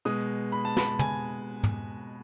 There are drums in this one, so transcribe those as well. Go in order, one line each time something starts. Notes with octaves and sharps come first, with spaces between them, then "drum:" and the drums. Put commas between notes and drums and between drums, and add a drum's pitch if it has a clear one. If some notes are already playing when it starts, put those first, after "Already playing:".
B2 G#3 D#6
B5
A5
B5, drum: snare
G#5, drum: tom
drum: tom